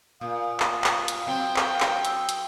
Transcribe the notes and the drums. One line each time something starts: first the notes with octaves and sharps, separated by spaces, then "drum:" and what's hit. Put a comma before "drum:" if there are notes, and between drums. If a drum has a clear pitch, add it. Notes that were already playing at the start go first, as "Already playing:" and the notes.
A#2 F5 D#6
drum: clap
drum: clap
drum: hi-hat
F#3 C4 G5
drum: clap
drum: clap
E6, drum: hi-hat
drum: hi-hat